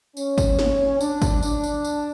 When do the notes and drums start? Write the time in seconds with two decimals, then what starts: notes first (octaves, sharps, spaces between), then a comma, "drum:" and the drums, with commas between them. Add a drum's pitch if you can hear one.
0.17 C#4, drum: tambourine
0.38 drum: kick G#1, tambourine
0.59 drum: snare
1.01 D4, drum: tambourine
1.22 drum: kick G#1, tambourine
1.43 D4, drum: tambourine
1.64 drum: tambourine
1.85 drum: tambourine